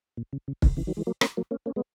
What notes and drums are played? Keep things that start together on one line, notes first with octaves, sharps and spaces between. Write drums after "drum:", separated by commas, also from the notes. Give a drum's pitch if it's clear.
A#2
C#3
C#3
B2 D#3, drum: kick
C#3 E3
D#3 F#3
E3 G#3
F#3 A#3
A#3 C#4, drum: rim click
F#3 A#3
A#3 C#4
A#3 C#4
G#3 B3